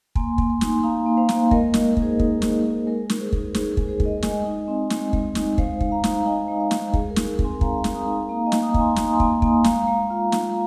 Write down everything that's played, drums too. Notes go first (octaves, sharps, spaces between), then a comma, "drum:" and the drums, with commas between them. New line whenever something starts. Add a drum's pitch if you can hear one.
A#3 G#5 C6, drum: kick
A#3, drum: kick
G#5 C6
D#4, drum: snare
D#4 F5 A#5
A#3
C5 F5
A#3, drum: snare
G#3 A#4 D#5, drum: kick
A#4
G#3, drum: snare
A#4
D#4, drum: kick
G#4 C5
D#4, drum: kick
G#3, drum: snare
G#3
G#3 A#4
G#3, drum: snare
G#4 C5
D#4, drum: kick
D#4 G#4 C5, drum: snare
A#4
G#3, drum: kick
G#4 C5
G#3, drum: kick
A#4 D#5
G#3 D#5 G#5, drum: snare
D#4
C4
G#3, drum: snare
G#3, drum: kick
D#4, drum: snare
G#3 C5 F5, drum: kick
G#3, drum: kick
F5 A#5
D#4, drum: snare
D#4 D#5 G#5
G#3
C5 F5
G#3, drum: snare
G#3 G#4, drum: kick
A#4
D#4, drum: snare
A#4
C4, drum: kick
G#5 C6
G#3 F5 A#5, drum: kick
F5 A#5
G#3, drum: snare
A#5 D#6
D#4
A#3 F5 A#5
D#5 G#5
A#3, drum: snare
A#5 D#6
D#4, drum: kick
G#5 C6
D#4 A#5 D#6, drum: snare
G#5 C6
A#3, drum: kick
A#3, drum: kick
G#5 C6
G#3 F5 A#5, drum: snare
G#3
F4
F4, drum: snare